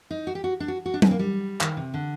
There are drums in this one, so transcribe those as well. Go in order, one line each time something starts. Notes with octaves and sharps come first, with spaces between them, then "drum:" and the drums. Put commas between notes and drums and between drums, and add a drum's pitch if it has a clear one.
D#4
F#4
G4
F#4
D4
F#4
F#4
D4
C4, drum: tom F#3
A#3
G3
D#3, drum: clap
C3
D3